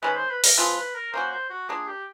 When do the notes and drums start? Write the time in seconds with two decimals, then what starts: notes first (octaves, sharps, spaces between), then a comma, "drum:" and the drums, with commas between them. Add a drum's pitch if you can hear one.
0.02 D#3 G#3 C#4 B4
0.16 C5
0.30 B4
0.44 A#4, drum: open hi-hat
0.57 F3 G#3 C4 F4 B4
0.77 B4
0.95 A#4
1.13 A#3 C#4 F#4 C5
1.32 C5
1.50 F#4
1.69 A#3 D4 F4 G#4
1.87 G4